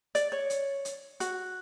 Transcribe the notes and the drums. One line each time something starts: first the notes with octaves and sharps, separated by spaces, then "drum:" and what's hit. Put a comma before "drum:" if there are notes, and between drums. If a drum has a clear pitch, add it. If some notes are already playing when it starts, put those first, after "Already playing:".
D5, drum: hi-hat
C#5
drum: hi-hat
drum: hi-hat
F#4, drum: hi-hat